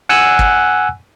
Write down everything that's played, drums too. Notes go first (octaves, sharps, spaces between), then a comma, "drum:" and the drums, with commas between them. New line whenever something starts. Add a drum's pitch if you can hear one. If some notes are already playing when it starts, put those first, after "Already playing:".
F#5 G#5 E6 F#6
drum: kick